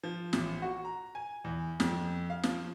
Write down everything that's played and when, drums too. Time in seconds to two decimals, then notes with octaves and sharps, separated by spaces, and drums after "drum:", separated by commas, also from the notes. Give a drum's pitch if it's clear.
0.03 F3
0.33 A1, drum: snare
0.62 F#4
0.85 A#5
1.15 G#5
1.44 E2
1.80 F2, drum: snare
2.30 F5
2.43 F3, drum: snare